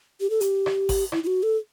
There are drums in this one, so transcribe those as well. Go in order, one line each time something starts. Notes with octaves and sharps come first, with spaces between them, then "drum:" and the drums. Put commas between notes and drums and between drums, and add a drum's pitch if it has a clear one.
G4
A4
G4, drum: hi-hat
drum: rim click
drum: kick G#1, open hi-hat
E4, drum: rim click
E4
F#4
A4